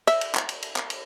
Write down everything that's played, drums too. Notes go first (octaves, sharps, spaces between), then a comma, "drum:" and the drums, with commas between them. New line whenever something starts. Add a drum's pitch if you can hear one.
E5, drum: cymbal
drum: cymbal
drum: clap
drum: cymbal
drum: cymbal
drum: clap
drum: cymbal